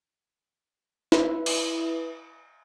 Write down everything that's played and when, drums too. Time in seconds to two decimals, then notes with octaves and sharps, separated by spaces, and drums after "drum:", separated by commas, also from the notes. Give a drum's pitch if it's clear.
1.12 E4 B4 E5, drum: snare
1.46 drum: cymbal